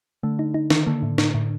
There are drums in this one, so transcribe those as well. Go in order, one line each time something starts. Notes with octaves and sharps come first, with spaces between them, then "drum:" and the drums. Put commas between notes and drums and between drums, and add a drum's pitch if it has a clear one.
D3 A3
D#4
D#4
D#3, drum: snare
D3 A#3
A2
A2, drum: snare
A2